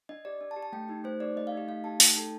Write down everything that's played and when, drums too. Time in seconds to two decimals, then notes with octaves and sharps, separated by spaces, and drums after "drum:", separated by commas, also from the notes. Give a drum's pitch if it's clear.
0.09 D4 D#5
0.25 G4 D5
0.41 D4
0.51 A5
0.56 G4
0.63 A5
0.73 A3 G5
0.89 D#4 G4
1.04 A3 C5
1.20 D#4 G4 D5
1.37 A3 D#5
1.47 D#4 F5
1.57 G4 D#5
1.68 A3 F5
1.84 D#4 G4 A5
2.00 A3 G5, drum: open hi-hat
2.16 D#4 A4 A5